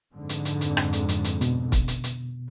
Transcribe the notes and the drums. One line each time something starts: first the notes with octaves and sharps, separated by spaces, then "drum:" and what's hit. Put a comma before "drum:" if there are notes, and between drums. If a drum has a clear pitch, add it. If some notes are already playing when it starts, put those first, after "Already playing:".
F2 G#2 D3
drum: hi-hat
drum: hi-hat
drum: hi-hat
drum: rim click
drum: hi-hat
drum: hi-hat
drum: hi-hat
B2, drum: hi-hat
drum: kick, hi-hat
drum: hi-hat
drum: hi-hat